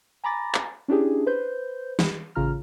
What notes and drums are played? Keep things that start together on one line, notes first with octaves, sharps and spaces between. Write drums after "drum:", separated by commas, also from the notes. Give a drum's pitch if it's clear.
G#5 A#5 B5 D6 A6 A#6
drum: clap
C#4 D4 E4 G4 G#4
B4 C5 G6
drum: snare
A1 C#3 F4 A#5 F6